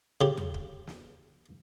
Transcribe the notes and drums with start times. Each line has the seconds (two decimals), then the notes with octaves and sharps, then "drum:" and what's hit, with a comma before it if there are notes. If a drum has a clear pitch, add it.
0.21 C#3 G4
0.37 drum: tom E2
0.54 drum: kick
0.87 drum: snare